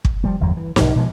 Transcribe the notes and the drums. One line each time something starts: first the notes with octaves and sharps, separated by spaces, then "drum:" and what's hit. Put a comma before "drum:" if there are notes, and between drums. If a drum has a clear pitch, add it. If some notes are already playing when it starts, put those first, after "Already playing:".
drum: kick
F3 G3 A3
G1 E2 F3 F#3
E3
B1 G#2, drum: snare
B2 F3 G#3